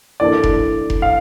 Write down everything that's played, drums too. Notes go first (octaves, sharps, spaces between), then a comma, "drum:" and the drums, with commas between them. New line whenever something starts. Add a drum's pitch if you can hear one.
E3 A#3 D4 A4 D5
drum: kick F1
drum: kick F1
F5